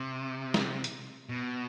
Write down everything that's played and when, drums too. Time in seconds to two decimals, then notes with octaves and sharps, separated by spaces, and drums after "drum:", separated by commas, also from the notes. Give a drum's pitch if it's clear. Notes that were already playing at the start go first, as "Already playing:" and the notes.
Already playing: C3
0.54 drum: snare
0.84 drum: hi-hat
1.29 B2